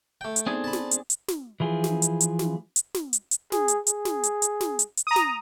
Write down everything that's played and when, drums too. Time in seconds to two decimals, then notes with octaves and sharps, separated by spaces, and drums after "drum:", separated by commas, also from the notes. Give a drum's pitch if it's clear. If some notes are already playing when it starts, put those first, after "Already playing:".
0.21 A3 G5
0.36 drum: hi-hat
0.46 B3 C4 D4 D#4 G#4 A4
0.64 A5 B5
0.73 drum: snare
0.91 drum: hi-hat
1.10 drum: hi-hat
1.28 drum: snare
1.60 E3 F3 G#4
1.84 drum: snare
2.02 drum: hi-hat
2.21 drum: hi-hat
2.39 drum: snare
2.76 drum: hi-hat
2.94 drum: snare
3.13 drum: hi-hat
3.31 drum: hi-hat
3.52 G#4, drum: snare
3.68 drum: hi-hat
3.87 G#4, drum: hi-hat
4.05 drum: snare
4.24 drum: hi-hat
4.42 drum: hi-hat
4.61 drum: snare
4.79 drum: hi-hat
4.97 drum: hi-hat
5.07 A#5 D#6
5.16 drum: snare